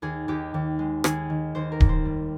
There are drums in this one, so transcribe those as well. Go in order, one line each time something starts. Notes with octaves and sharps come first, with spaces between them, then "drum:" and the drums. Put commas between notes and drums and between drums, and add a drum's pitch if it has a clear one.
D#2 G#4
D#2 G4
D#2
G#3
D#2 G#4, drum: rim click
D#3
D#2 C5
A#4
D#2, drum: kick D1
C5
G3